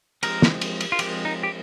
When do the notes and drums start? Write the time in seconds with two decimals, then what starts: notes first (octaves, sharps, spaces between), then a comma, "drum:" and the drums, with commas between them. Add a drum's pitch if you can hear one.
0.23 F3 G#3 C4 A#4, drum: cymbal
0.42 drum: snare
0.61 drum: cymbal
0.81 drum: cymbal
0.92 F4
0.99 F3 G#3 C4 G4, drum: cymbal
1.25 D#4
1.43 G4